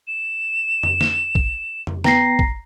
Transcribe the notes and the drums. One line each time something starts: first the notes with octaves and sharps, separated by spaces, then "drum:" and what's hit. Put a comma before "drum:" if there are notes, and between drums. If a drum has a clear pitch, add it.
E7
drum: tom F2
drum: snare
drum: kick A#1
drum: tom F2
B3 G5 A#5 A#6 C7, drum: snare
drum: kick A#1